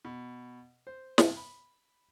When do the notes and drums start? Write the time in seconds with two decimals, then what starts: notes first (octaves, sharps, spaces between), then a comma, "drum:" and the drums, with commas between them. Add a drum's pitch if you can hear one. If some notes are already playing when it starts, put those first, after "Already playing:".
0.05 B2
0.87 C5
1.18 G2 C3, drum: snare
1.37 B5